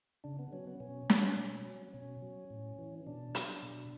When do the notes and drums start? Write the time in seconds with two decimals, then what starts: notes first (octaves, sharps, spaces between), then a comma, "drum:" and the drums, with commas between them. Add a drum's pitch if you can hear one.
0.24 C#3 D4
0.39 B3
0.53 F#3 C#4
0.67 B3
0.80 B2 C#4
1.10 F#3, drum: snare
1.37 B2
1.66 F#3
1.93 B2 C#4
2.22 F#3
2.50 A2
2.79 E3
3.06 B2 D4
3.35 F#3, drum: hi-hat
3.63 B2